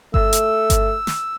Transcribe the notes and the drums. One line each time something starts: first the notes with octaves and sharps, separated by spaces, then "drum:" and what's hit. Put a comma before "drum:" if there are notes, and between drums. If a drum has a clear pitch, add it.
A3 E6, drum: kick G1
drum: hi-hat
drum: kick G1, hi-hat
drum: snare